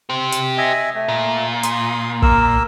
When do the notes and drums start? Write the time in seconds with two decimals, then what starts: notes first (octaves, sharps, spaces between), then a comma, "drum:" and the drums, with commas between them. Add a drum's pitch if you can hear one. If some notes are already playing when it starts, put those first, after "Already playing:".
0.10 G4 C5
0.32 drum: hi-hat
0.58 D#5 E5 G#5
0.95 A3
1.08 A#2
1.63 C6 D#6, drum: hi-hat
2.22 A#3 A#4 E6, drum: kick